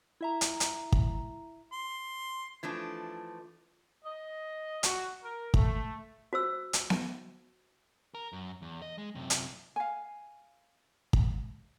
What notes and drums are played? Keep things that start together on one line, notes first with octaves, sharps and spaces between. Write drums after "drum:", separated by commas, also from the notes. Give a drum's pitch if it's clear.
E4 E5 A#5
drum: hi-hat
drum: hi-hat
drum: kick
C6
E3 F3 A3 D4
D#5
F#4, drum: hi-hat
A#4
A3, drum: kick
F#4 C5 E6
drum: hi-hat
drum: snare B3
A#4
F#2
E2
D#5
G#3
F#2 C3
drum: hi-hat
F5 G#5
drum: kick